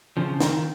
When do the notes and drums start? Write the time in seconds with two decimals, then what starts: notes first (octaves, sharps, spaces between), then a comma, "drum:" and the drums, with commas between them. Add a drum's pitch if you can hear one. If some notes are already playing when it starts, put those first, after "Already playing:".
0.17 C#3 F3
0.40 D#3, drum: snare